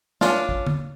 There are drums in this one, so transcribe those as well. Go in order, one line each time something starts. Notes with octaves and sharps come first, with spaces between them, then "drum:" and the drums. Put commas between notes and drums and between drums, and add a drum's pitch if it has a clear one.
C#4 D4 F4, drum: snare
drum: kick
drum: tom